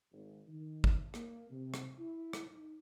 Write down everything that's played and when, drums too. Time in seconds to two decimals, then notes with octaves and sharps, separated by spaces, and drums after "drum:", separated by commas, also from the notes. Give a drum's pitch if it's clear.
0.12 G#1
0.47 D#3
0.84 drum: kick
1.14 A#3, drum: rim click
1.50 C3
1.74 drum: rim click
1.98 E4
2.33 drum: rim click
2.49 D#4